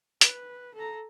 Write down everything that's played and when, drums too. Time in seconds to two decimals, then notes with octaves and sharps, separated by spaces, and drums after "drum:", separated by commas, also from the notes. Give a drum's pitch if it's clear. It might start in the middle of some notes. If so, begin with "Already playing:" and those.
0.21 B4, drum: hi-hat
0.75 A4 A#5